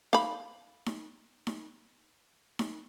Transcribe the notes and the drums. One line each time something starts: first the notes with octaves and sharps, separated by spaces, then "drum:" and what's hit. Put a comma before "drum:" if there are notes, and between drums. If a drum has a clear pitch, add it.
F5 B5, drum: snare D#4
drum: snare D#4
drum: snare D#4
drum: snare D#4